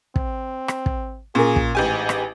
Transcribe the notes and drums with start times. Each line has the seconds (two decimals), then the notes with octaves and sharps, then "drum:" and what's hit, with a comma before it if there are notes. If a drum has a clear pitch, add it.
0.16 C4, drum: kick
0.68 drum: rim click
0.86 drum: kick
1.35 A#2 C#4 G#4 A#4
1.56 drum: kick
1.75 A1 G#2 G4 G#5
2.09 drum: rim click